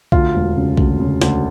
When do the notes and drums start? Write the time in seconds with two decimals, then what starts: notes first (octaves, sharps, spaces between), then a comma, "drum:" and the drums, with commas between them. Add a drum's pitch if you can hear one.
0.12 D2 F4, drum: kick B1
0.35 E1
0.57 C#3
0.77 D2, drum: kick B1
1.00 C#3
1.22 D2, drum: snare